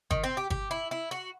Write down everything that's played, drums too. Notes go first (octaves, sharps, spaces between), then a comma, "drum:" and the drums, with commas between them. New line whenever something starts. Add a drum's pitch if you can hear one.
D#3, drum: kick G1
C4
G4
G4, drum: kick G1
E4
E4
F#4